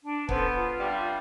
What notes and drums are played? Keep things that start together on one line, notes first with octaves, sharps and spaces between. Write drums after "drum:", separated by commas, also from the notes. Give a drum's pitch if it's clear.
D4
B3 C#4 A4 C5, drum: kick
F4
G2 C3 G3